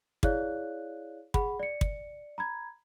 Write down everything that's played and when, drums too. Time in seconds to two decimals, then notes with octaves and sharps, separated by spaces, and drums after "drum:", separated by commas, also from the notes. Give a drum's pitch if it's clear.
0.23 E4 G#4 C#5 D5 F5 F#6, drum: kick
1.34 G#4 F#5 B5, drum: kick
1.60 D5 C#7
1.81 drum: kick
2.38 A#5 B5 G#6